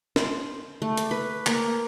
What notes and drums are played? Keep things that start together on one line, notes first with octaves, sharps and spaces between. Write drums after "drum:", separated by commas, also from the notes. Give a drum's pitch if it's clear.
C5, drum: snare
A3
D6, drum: hi-hat
B4
A#3, drum: clap